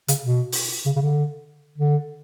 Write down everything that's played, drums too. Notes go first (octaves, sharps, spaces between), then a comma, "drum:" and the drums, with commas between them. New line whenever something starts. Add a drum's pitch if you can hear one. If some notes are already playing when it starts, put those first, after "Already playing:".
C#3, drum: hi-hat
B2
drum: open hi-hat
C#3
C#3
D3
D3